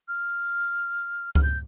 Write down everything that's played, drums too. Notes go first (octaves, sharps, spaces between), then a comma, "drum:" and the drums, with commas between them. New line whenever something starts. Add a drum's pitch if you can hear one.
F6
F6, drum: kick C#2
G6